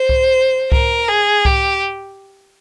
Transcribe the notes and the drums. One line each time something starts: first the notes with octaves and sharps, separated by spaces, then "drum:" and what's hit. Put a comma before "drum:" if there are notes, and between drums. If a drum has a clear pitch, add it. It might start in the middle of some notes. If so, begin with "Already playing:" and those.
Already playing: C5
drum: kick C2
A#4, drum: kick C2
G#4
G4, drum: kick C2